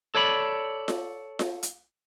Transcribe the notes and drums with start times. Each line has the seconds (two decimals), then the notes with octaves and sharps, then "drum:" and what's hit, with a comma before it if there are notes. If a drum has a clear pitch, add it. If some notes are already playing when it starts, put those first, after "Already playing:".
0.15 A4 C#5 D5 B5
0.88 drum: snare F4
1.39 drum: snare F4
1.63 drum: hi-hat